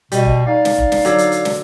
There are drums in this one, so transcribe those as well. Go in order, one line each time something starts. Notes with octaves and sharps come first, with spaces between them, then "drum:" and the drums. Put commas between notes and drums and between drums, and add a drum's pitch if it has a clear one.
B2 G3 D#5, drum: hi-hat
drum: kick F1
D#4 D5 F5
drum: snare
drum: kick F1
drum: snare
D3 F#3, drum: hi-hat
drum: hi-hat
drum: hi-hat
drum: snare